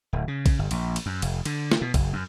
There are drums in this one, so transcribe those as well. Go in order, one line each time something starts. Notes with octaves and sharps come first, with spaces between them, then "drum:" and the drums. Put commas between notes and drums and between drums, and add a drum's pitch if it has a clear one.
D1
C#3
drum: kick, cymbal
G1
A#1, drum: cymbal
drum: cymbal
F#2
F1, drum: cymbal
D3, drum: cymbal
drum: snare
B2
F#1, drum: kick, cymbal
F#2